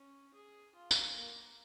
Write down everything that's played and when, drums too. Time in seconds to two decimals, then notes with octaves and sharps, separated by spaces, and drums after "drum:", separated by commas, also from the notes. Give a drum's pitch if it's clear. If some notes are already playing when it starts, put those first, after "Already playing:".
Already playing: C#4
0.34 G#4
0.75 F4
0.91 drum: tambourine
1.16 A#3